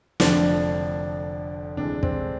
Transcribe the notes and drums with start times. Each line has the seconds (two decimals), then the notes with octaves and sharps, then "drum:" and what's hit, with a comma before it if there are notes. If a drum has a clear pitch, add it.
0.20 F1 F2 D3 F3 D4, drum: snare
1.77 D2 C3 E3 G#3 D4
2.03 C4, drum: kick